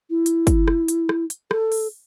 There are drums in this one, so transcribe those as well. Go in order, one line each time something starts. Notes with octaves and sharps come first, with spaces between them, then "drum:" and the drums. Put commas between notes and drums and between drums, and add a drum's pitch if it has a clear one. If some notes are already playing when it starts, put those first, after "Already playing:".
E4
drum: hi-hat
drum: kick, hi-hat
drum: rim click
drum: hi-hat
drum: rim click
drum: hi-hat
A4, drum: rim click
drum: open hi-hat